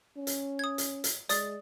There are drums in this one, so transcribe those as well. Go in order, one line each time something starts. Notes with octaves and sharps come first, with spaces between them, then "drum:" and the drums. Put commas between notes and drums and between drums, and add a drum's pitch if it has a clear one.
C#4
drum: hi-hat
D#6 G#6
drum: hi-hat
drum: hi-hat
G#3 D5 D#6 A6, drum: hi-hat